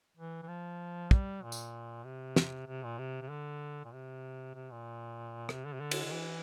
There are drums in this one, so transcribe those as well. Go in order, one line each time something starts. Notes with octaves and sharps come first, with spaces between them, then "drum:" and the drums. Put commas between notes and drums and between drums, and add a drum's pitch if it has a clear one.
E3
E3
F3
G3, drum: kick
A#2
drum: tambourine
C3
drum: snare
C3
A#2
C3
C3
D3
A#2
C3
C3
A#2
C3, drum: rim click
D3
C3
D3
drum: cymbal
D3
E3